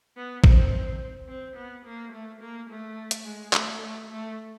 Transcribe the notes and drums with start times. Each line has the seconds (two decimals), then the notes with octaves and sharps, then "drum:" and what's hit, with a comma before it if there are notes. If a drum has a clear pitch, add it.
0.17 B3
0.44 C4, drum: kick A#1
1.28 C4
1.56 B3
1.85 A#3
2.12 A3
2.41 A#3
2.70 A3
3.11 drum: hi-hat
3.25 G#3
3.53 A3, drum: clap
3.81 A3
4.10 A3